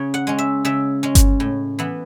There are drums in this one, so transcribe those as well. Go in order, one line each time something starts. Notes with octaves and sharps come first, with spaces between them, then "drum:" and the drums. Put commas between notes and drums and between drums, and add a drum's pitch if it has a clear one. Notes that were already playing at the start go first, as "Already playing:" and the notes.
Already playing: C#3 C#5
F#5
G#3 C#4
E5
C#3 E5
G#3 C#4
drum: kick G1, hi-hat
A2
E3 B3